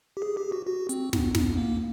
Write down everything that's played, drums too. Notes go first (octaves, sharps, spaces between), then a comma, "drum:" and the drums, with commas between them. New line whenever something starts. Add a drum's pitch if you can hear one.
G4
G#4
G4
F#4
F#4
C4, drum: hi-hat
B3, drum: snare
B3, drum: snare
A#3